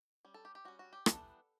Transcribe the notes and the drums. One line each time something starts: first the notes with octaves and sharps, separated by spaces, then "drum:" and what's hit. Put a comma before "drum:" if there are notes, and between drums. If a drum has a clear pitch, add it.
G3 C#4
A4
G4
G4
G3 C#4 F#4
F#4
G4
E3 G3 B3 D4 A4, drum: rim click